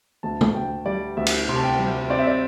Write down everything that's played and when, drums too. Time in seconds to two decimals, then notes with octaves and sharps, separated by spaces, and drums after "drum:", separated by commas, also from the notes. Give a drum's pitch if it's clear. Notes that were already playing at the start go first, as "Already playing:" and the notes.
0.23 D2 A5
0.41 drum: tom
0.54 D2 G5
0.86 G3 D5
1.17 D2 E5
1.27 drum: cymbal
1.48 C3 C6
1.56 A5
1.63 G5
1.79 G3
2.10 C4 D5
2.19 E5
2.27 D5